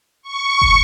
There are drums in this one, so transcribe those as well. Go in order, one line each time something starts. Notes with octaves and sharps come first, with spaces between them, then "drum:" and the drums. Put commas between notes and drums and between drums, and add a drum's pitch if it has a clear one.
C#6
drum: kick